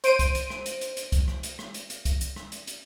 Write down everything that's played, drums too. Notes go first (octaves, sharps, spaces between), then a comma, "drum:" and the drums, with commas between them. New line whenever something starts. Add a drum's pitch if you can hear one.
C5 D7 D#7, drum: hi-hat
drum: kick, hi-hat
drum: hi-hat
drum: rim click
drum: hi-hat
drum: hi-hat
drum: hi-hat
drum: kick, hi-hat
drum: rim click
drum: hi-hat
drum: rim click
drum: hi-hat
drum: hi-hat
drum: kick, hi-hat
drum: hi-hat
drum: rim click
drum: hi-hat
drum: hi-hat